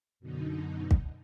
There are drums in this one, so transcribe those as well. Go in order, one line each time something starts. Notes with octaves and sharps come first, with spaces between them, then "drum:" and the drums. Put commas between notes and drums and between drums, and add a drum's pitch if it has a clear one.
F#2 B2 D3 D#4
drum: kick